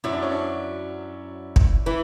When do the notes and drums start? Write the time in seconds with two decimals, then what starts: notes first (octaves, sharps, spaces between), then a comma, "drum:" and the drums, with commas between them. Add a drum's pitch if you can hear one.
0.04 F#2 F#3 E4
0.13 D4
0.22 C#4
0.31 D4
1.56 drum: kick
1.86 E3 E4